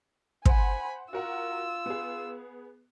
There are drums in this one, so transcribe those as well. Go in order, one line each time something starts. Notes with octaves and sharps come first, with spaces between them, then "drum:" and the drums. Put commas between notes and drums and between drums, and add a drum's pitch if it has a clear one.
C5 F#5 G#5 B5, drum: kick
F4 F#4 A#4 F#5 E6
B3 G#4